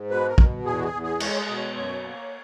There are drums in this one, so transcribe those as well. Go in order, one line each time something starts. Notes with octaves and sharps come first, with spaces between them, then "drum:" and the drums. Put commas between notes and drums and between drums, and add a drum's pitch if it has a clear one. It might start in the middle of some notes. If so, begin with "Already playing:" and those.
Already playing: G#2
B2 B4
A#4
B2, drum: kick A#1
E2 G#4
F#4
G#4
E2
G#4
G#3 C#5, drum: cymbal
D#5
B2
C#5
F#2 C#5
A#3